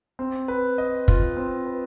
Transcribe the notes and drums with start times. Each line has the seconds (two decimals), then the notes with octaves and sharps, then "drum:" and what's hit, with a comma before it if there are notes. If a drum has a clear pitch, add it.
0.19 C4
0.48 B4
0.78 D#5
1.08 F4, drum: kick
1.37 C4
1.66 B4